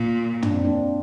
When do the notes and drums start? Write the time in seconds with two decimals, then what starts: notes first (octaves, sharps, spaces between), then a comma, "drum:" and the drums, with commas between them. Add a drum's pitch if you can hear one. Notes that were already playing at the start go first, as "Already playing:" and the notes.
Already playing: A#2
0.42 D4, drum: tom
0.54 C4
0.65 A#3 D4